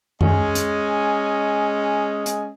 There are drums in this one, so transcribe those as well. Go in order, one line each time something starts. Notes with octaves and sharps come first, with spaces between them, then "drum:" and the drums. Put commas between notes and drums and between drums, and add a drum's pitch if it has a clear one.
G#3 C#4 D#5 G#5, drum: tom F#2
drum: hi-hat
drum: hi-hat